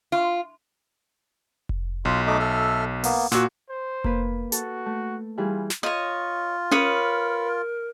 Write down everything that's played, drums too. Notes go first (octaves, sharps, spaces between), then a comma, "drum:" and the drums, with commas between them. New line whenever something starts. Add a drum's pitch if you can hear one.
F4
drum: kick F1
B1 F4
A3 D#4 D6
A4 E5 F6
A#3 B3, drum: open hi-hat
A#2 F#4 F#5 E6, drum: snare
C5
A#3 B4, drum: kick F1
F#4 A4, drum: hi-hat
A3
E3 G3 F4 G#4
drum: snare
F4 C#5 D#5
A#4 B4 C#5 D#6, drum: tom C#4